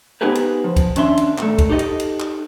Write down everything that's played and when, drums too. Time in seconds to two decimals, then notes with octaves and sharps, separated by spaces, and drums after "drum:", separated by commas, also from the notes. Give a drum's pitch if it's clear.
0.21 B3 D#4 G4 G#4 B4 C5
0.35 drum: cymbal
0.64 F3
0.76 drum: kick, cymbal
0.96 D#2 C#4 D4 E5 C6, drum: cymbal
1.17 drum: cymbal
1.38 A#2 A3, drum: clap
1.58 drum: kick, cymbal
1.70 D#4 G4 A4 C5 D#5
1.79 drum: cymbal
2.00 drum: cymbal
2.20 drum: clap